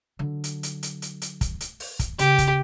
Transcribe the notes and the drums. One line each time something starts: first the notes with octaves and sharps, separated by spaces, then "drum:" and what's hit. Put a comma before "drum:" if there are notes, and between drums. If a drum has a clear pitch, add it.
D3 F#3
drum: hi-hat
drum: hi-hat
drum: hi-hat
drum: hi-hat
drum: hi-hat
drum: kick, hi-hat
drum: hi-hat
drum: open hi-hat
drum: kick, hi-hat
C#3 G4, drum: hi-hat
drum: kick, hi-hat